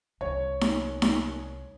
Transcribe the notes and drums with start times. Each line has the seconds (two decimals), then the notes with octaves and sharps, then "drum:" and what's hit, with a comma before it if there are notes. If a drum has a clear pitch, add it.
0.21 C2 C#5
0.61 drum: snare D#4
1.02 drum: snare D#4